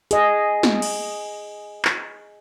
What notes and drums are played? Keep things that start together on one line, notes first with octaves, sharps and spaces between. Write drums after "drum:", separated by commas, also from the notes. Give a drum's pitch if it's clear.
G#4 D#5, drum: hi-hat
drum: snare
drum: cymbal
drum: clap